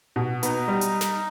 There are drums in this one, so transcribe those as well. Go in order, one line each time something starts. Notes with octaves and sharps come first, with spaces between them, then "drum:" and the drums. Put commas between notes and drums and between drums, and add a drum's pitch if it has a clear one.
B2
B3 D#4, drum: hi-hat
G3
drum: hi-hat
drum: snare